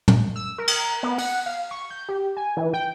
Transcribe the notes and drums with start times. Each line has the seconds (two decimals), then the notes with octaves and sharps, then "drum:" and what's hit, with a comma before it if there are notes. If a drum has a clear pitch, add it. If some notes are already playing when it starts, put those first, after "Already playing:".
0.08 drum: tom
0.36 E6
0.58 A#4
0.68 drum: cymbal
1.03 B3
1.18 F#5, drum: open hi-hat
1.46 F5
1.71 C#6
1.90 G6
2.09 G4
2.37 G#5
2.57 E3
2.74 G5